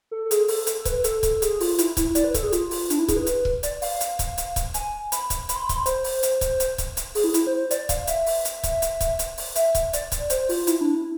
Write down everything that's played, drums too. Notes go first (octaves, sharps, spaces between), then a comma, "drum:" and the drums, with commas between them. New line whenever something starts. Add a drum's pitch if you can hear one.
A4
A4
G#4, drum: hi-hat
A4, drum: open hi-hat
A4, drum: hi-hat
B4, drum: kick, hi-hat
A4, drum: hi-hat
drum: kick, hi-hat
G#4, drum: hi-hat
F4, drum: open hi-hat
E4, drum: hi-hat
E4, drum: kick, hi-hat
D5, drum: hi-hat
B4
A4, drum: kick, hi-hat
G#4
F4, drum: hi-hat
drum: open hi-hat
D4, drum: hi-hat
E4
G#4, drum: kick, hi-hat
B4
drum: hi-hat
drum: kick
D5, drum: hi-hat
F5, drum: open hi-hat
drum: hi-hat
drum: kick, hi-hat
drum: hi-hat
drum: kick, hi-hat
G#5, drum: hi-hat
B5, drum: hi-hat
drum: kick, hi-hat
B5, drum: hi-hat
C6
B5
C6, drum: kick, hi-hat
B5
C5, drum: hi-hat
drum: open hi-hat
drum: hi-hat
drum: kick, hi-hat
drum: hi-hat
drum: kick, hi-hat
drum: hi-hat
G#4, drum: open hi-hat
E4
E4, drum: hi-hat
C5
C5
D5, drum: hi-hat
F5, drum: kick, hi-hat
E5, drum: hi-hat
drum: open hi-hat
drum: hi-hat
drum: kick, hi-hat
drum: hi-hat
drum: kick, hi-hat
drum: hi-hat
drum: open hi-hat
E5, drum: hi-hat
drum: kick, hi-hat
D5, drum: hi-hat
drum: kick, hi-hat
C5, drum: hi-hat
F4, drum: open hi-hat
E4, drum: hi-hat
D4
E4